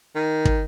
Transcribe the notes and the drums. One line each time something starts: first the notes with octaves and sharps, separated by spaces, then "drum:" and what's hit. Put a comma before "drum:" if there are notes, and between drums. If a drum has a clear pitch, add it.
D#3
drum: kick